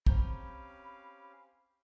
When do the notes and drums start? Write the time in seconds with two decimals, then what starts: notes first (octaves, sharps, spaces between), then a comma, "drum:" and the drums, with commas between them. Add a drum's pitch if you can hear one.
0.07 C4 C#4 G4 F5 A#5 B5 G6, drum: kick